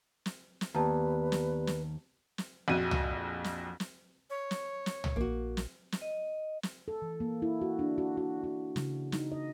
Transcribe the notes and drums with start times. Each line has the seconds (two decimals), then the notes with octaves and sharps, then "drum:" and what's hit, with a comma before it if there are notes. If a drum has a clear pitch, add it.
0.26 drum: snare
0.61 drum: snare
0.75 D#2 B3 G4 B4 D5 A5 A#5
1.32 drum: snare
1.67 drum: snare
2.38 drum: snare
2.68 A#1 F2 F#4 D#7
2.91 drum: tom
3.44 drum: snare
3.80 drum: snare
4.30 C#5
4.51 drum: snare
4.86 drum: snare
5.04 drum: tom
5.16 A#1 A#3 F#4
5.57 drum: snare
5.92 drum: snare
6.02 D#5
6.63 drum: snare
6.88 A4
7.02 E3
7.20 A#3
7.42 E4
7.61 F#4
7.79 D4
7.98 F#4
8.17 F#4
8.44 F#4
8.76 C#3, drum: snare
9.12 D#4, drum: snare
9.32 D#5